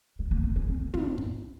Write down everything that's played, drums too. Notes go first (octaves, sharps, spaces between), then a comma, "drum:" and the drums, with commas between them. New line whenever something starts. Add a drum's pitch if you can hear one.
G#3
A#3
C4
C#4
C4
A#3
C4, drum: tom
drum: kick